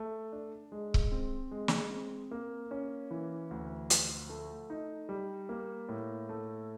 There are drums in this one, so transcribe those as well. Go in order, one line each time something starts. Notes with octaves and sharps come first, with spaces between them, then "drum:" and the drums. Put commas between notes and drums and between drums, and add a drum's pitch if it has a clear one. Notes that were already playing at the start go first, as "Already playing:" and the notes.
Already playing: A3
D4
G#3
drum: kick C#1
C4
G#3
drum: snare
C4
A#3
C#4
E3
D2
F3, drum: hi-hat
A3
D#4
G3
A#3
A2
A3